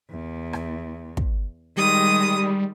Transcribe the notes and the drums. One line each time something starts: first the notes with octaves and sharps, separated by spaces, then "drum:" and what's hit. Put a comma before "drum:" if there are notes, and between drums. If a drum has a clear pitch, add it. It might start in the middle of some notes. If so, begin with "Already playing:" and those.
E2
drum: rim click
drum: kick
D#3 G3 G#3 D#6